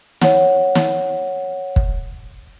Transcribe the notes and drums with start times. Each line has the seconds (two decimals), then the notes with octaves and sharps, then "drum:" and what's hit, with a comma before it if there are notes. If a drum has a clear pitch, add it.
0.21 C#5 F#5, drum: snare
0.75 drum: snare
1.76 drum: kick